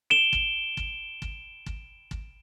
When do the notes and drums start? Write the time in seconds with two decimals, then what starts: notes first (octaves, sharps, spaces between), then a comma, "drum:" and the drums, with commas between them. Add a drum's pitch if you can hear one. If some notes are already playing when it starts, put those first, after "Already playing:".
0.10 D7 E7 G7
0.33 drum: kick
0.77 drum: kick
1.22 drum: kick
1.66 drum: kick
2.11 drum: kick